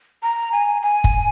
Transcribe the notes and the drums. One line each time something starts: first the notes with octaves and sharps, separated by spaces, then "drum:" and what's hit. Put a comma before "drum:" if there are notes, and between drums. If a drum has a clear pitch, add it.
A#5
G#5
G#5
drum: kick